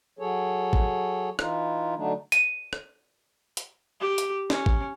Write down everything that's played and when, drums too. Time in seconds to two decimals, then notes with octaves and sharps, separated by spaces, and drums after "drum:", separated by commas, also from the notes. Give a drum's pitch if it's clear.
0.19 F#3 G#4 A4 C#5
0.73 drum: kick A1
1.39 E3 D#4 F4, drum: rim click
1.96 D3 F#3 A3 D4 D#4
2.32 D#7, drum: hi-hat
2.73 drum: rim click
3.57 drum: hi-hat
4.01 G4
4.18 drum: hi-hat
4.50 C#4, drum: snare
4.66 drum: kick A1